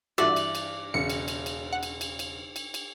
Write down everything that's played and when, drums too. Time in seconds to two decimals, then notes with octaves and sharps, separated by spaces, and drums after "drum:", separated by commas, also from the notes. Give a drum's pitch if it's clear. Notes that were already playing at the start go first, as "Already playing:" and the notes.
0.18 G2 E3 F4 F#4 A4 D5 E5
0.36 drum: cymbal
0.55 drum: cymbal
0.94 E1 C#3 C#7
1.10 drum: cymbal
1.28 drum: cymbal
1.46 drum: cymbal
1.73 F#5
1.83 drum: cymbal
2.01 drum: cymbal
2.19 drum: cymbal
2.56 drum: cymbal
2.74 drum: cymbal